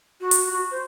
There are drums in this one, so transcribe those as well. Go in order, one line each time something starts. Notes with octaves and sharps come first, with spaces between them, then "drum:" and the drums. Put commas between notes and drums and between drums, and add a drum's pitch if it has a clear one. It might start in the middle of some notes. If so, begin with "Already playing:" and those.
F#4
drum: hi-hat
F#4
C5